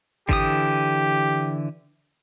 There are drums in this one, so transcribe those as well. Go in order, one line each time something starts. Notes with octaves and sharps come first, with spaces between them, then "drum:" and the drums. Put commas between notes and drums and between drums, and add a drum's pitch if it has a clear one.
D3 E3 G4 D#6, drum: kick G#1